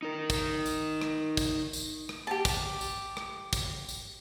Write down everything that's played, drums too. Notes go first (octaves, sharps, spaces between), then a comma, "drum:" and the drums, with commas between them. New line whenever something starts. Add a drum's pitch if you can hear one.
D#4 A#4
drum: kick, tambourine
drum: tambourine
drum: rim click
drum: kick, tambourine
drum: tambourine
drum: rim click
G4 A5
drum: kick, tambourine
drum: tambourine
drum: rim click
drum: kick, tambourine
drum: tambourine